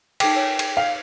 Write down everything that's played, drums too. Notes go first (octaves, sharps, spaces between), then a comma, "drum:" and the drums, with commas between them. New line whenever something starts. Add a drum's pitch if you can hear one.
D#4 A4 G5 D6, drum: cymbal
A#4 C#5 G#5
drum: cymbal
F5